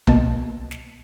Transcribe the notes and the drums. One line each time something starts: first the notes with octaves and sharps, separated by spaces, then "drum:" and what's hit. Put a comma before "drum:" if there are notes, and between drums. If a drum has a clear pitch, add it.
A#1 B2 A#3 B3 D#5 A5, drum: tom C2
drum: snare